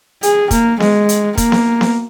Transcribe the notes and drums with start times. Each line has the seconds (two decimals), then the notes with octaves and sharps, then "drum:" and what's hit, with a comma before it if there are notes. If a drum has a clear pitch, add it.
0.23 G#4, drum: hi-hat
0.51 A#3, drum: kick, hi-hat
0.80 G#3, drum: snare B3
1.09 drum: hi-hat
1.37 A#3, drum: kick, hi-hat
1.52 drum: snare B3
1.81 drum: snare B3